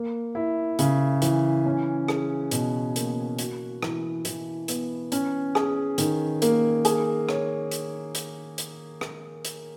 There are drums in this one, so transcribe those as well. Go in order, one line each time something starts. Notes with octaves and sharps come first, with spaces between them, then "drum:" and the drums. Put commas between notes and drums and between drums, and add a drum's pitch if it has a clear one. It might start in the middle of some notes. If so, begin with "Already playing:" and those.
Already playing: A#3
E4
C#3, drum: hi-hat
E3, drum: hi-hat
C#4
G#4, drum: rim click
B2, drum: hi-hat
A#3, drum: hi-hat
F#4, drum: hi-hat
E3, drum: rim click
E3, drum: hi-hat
B3, drum: hi-hat
C#4, drum: hi-hat
G#4, drum: rim click
D#3, drum: hi-hat
A#3, drum: hi-hat
G#4, drum: hi-hat
C#5, drum: rim click
drum: hi-hat
drum: hi-hat
drum: hi-hat
drum: rim click
drum: hi-hat